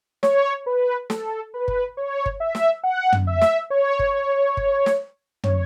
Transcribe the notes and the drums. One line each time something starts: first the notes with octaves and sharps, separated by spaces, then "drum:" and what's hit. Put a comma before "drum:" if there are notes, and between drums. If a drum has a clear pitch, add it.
C#5, drum: snare
B4
A4, drum: snare
B4
drum: kick
C#5
drum: kick
E5
drum: snare
F#5
drum: tom
E5
drum: snare
C#5
drum: kick
drum: kick
drum: snare
C#5, drum: tom